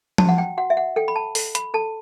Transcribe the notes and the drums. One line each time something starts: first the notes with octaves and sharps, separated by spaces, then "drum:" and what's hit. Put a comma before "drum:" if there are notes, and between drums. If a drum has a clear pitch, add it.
F#4 A5, drum: tom F3
F#5
G5
F#4 F#5
E5
F#5
A4 G5
B5
A5
A4, drum: open hi-hat
B5, drum: hi-hat
A4 A5